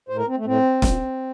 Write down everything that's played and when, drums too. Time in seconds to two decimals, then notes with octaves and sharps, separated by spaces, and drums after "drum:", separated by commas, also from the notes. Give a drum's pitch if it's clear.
0.09 A2 C5
0.18 A#4
0.27 C4
0.37 A3
0.45 A2 C4
0.82 A#2, drum: snare